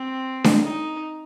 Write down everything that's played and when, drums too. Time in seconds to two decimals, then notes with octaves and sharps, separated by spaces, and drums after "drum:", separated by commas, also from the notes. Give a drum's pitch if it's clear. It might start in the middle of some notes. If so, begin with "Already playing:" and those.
Already playing: C4
0.44 drum: snare D4
0.64 D#4